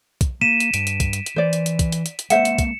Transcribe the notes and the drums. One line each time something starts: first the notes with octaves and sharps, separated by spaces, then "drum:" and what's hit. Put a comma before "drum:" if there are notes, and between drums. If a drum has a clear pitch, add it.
drum: kick, hi-hat
A#3 B6 D#7 E7
drum: hi-hat
G2 D7, drum: hi-hat
drum: hi-hat
drum: kick, hi-hat
drum: hi-hat
drum: hi-hat
E3 C5 D5
drum: hi-hat
drum: hi-hat
drum: kick, hi-hat
drum: hi-hat
drum: hi-hat
drum: hi-hat
G#3 A#3 C5 E5 F#5 C#7 E7, drum: hi-hat
drum: hi-hat
drum: kick, hi-hat